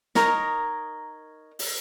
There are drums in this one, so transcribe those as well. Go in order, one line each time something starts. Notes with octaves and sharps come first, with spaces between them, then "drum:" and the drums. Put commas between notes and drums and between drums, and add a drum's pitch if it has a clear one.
D#4 A#4 C#5 D#5, drum: snare
drum: open hi-hat